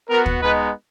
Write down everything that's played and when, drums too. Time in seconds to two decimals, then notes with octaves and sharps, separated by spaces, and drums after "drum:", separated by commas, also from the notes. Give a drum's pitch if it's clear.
0.10 B3 F#4 A#4
0.26 drum: kick
0.41 G#3 B3 D#4 B4